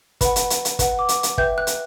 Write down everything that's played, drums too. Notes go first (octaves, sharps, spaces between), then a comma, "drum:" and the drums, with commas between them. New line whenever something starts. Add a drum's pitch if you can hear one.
B4 F#5 B5, drum: kick, hi-hat
drum: hi-hat
drum: hi-hat
drum: hi-hat
B4 F#5, drum: kick, hi-hat
D6
drum: hi-hat
drum: hi-hat
B4 E5 G5 G6, drum: kick
F#6
drum: hi-hat